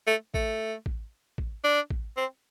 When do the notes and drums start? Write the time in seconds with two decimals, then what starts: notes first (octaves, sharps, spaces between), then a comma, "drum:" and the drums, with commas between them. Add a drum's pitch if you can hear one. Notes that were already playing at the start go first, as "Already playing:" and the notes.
0.07 A3
0.34 A3, drum: kick
0.86 drum: kick
1.38 drum: kick
1.64 D4
1.90 drum: kick
2.17 C4